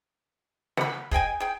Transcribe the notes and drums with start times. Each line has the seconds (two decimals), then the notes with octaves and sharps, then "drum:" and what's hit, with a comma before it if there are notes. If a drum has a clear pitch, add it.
0.77 F#5 B5, drum: snare
1.11 G#4 D#5 G5 G#5, drum: kick
1.40 G#4 G5